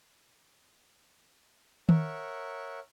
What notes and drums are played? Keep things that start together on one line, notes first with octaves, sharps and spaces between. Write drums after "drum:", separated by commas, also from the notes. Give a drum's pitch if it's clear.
A#4 C#5 E5 F#5, drum: tom D#3